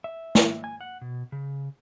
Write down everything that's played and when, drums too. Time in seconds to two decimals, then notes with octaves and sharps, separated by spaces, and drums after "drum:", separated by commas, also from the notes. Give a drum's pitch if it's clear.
0.04 E5
0.35 drum: snare
0.64 G#5
0.81 F#5
1.01 B2
1.32 C#3